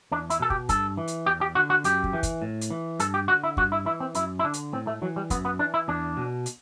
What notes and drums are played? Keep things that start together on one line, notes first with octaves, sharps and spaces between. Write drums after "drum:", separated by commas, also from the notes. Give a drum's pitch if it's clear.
E2 D4
E4, drum: hi-hat
B2 A4
G4, drum: kick
G2 A4, drum: kick, hi-hat
E3
drum: hi-hat
E2 G4
G4
D3 F#4
F#4
F#2 G4, drum: hi-hat
drum: kick
E3
drum: kick, hi-hat
A2
drum: hi-hat
E3
G2 A4, drum: hi-hat
G4
D3 F#4
E4
G2 F#4, drum: kick
E4
E3 E4
C4
F#2 E4, drum: hi-hat
E4
D3 D4
drum: hi-hat
A2 C4
A3
E3 F#3
G3
F#2 B3, drum: kick, hi-hat
B3
E3 D4
E4
E2 D4
B2
drum: hi-hat